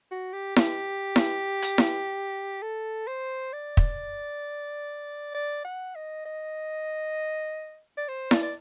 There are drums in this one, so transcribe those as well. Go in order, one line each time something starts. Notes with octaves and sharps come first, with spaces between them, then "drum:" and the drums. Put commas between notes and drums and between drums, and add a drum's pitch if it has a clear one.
F#4
G4
G4, drum: snare E4
drum: snare E4
drum: hi-hat
drum: snare E4
A4
C5
D5
drum: kick
D5
F#5
D#5
D#5
D5
C5
D5, drum: snare E4
D5